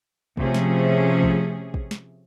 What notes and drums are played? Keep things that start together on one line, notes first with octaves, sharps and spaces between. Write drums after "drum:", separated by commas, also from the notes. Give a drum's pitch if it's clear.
C3 F3 A3 C#4 G#4, drum: kick
drum: snare
drum: kick
drum: kick
drum: snare